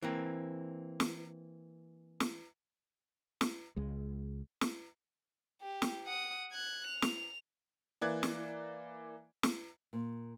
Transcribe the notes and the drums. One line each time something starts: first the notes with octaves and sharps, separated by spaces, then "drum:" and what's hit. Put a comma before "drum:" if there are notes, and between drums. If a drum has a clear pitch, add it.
E3 A#3 C4
drum: snare
drum: snare
drum: snare
C#2 G#3
drum: snare
G4
drum: snare
F#5 D#6
F#6 G#6
F7
drum: snare
E3 A#3 D5 F#6 G#6
drum: snare
drum: snare
A#2